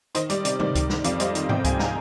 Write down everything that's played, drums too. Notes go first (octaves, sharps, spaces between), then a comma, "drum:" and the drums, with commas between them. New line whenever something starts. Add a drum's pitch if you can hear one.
D#3 C5 D#5, drum: hi-hat
G3 D5, drum: hi-hat
C3 D5, drum: hi-hat
D#3 D5, drum: tom C3
D#3, drum: kick C#2, hi-hat
D#3, drum: snare
F2 D5 F5, drum: hi-hat
G3 C5 D#5, drum: hi-hat
D#3, drum: hi-hat
C3 D#5 G5, drum: tom G#2
G3 F5 G#5, drum: kick C#2, hi-hat
G5 A#5, drum: snare